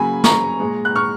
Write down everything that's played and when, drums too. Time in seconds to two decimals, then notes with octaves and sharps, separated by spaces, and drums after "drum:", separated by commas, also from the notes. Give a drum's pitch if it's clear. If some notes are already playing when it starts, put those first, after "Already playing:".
Already playing: C#3 F#3 A#3 G#5 B5
0.24 A#5 C#6, drum: snare
0.60 A#2 G#3
0.85 F#6
0.96 C#6 F6